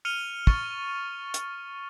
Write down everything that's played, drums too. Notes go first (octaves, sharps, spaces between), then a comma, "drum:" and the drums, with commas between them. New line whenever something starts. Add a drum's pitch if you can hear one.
F6 C#7 D#7 F7 G7
C#6 A6 C#7, drum: kick
drum: hi-hat